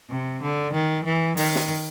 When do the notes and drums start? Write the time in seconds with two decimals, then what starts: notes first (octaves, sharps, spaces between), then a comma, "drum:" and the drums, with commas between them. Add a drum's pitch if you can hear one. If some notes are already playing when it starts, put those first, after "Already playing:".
0.10 C3
0.42 D3
0.73 D#3
1.05 E3
1.37 D#3, drum: open hi-hat
1.55 drum: snare